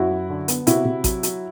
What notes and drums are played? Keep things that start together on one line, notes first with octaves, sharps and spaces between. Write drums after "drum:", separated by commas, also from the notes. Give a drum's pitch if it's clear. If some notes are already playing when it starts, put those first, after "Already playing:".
Already playing: F#2 E4 F#4
F#3
D3
B3, drum: hi-hat
C3 E4 F#4, drum: hi-hat
C3
F#3, drum: kick A1, hi-hat
F#3, drum: hi-hat